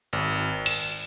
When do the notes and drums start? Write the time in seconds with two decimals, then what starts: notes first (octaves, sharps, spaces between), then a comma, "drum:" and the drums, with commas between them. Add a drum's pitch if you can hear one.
0.13 G#1
0.66 E7, drum: cymbal